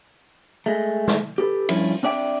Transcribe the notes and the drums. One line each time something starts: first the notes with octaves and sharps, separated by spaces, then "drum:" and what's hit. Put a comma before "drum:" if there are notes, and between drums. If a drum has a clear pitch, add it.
G#3 A3
drum: snare
G4 A4 B4
G2 F3 C#4 E4, drum: cymbal
C4 D4 D5 E5 G5